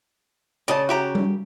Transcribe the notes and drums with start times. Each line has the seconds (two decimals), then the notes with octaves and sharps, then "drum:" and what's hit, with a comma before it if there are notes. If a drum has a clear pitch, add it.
0.68 C#3 D5 D#5 A5
0.89 F#4 G4 A#5
1.15 drum: tom G3